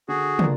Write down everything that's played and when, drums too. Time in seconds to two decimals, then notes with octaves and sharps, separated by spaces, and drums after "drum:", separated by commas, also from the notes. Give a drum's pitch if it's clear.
0.08 D3 F#4 G#4
0.39 A#3 D4 F4, drum: tom